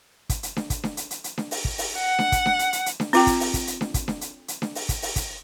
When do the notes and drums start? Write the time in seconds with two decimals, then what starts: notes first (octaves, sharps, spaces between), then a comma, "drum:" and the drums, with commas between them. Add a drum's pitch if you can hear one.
0.29 drum: kick, hi-hat
0.43 drum: hi-hat
0.57 drum: snare D4
0.70 drum: kick, hi-hat
0.84 drum: snare D4
0.97 drum: hi-hat
1.11 drum: hi-hat
1.24 drum: hi-hat
1.38 drum: snare D4
1.51 drum: open hi-hat
1.65 drum: kick
1.78 drum: open hi-hat
1.98 F#5
2.19 drum: snare D4
2.32 drum: kick, hi-hat
2.46 drum: snare D4
2.59 drum: hi-hat
2.73 drum: hi-hat
2.86 drum: hi-hat
3.00 drum: snare D4
3.13 C4 F4 G5, drum: open hi-hat
3.27 drum: kick, hi-hat
3.40 drum: open hi-hat
3.54 drum: kick, hi-hat
3.67 drum: hi-hat
3.81 drum: snare D4
3.94 drum: kick, hi-hat
4.08 drum: snare D4
4.21 drum: hi-hat
4.48 drum: hi-hat
4.62 drum: snare D4
4.75 drum: open hi-hat
4.89 drum: kick, hi-hat
5.02 drum: open hi-hat
5.16 drum: kick, hi-hat